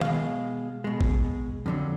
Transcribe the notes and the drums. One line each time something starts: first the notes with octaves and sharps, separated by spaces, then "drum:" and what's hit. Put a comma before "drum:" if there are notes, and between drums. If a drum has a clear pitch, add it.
B2 G#3 F5, drum: tom D#3
B2 G#3
drum: kick A#1
F2 D3 F#3